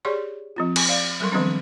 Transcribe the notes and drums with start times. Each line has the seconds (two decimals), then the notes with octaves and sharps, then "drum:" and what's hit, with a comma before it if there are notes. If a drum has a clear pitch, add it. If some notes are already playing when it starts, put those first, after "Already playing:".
0.05 G4 G#4 C#5 D5 C6 C#6
0.56 F3 C4 F4
0.76 G#5, drum: cymbal
0.88 D5 F5
1.20 F#3 G3 A4 A#4 C6 C#6
1.32 D#3 F3 G3 B3 C4 D4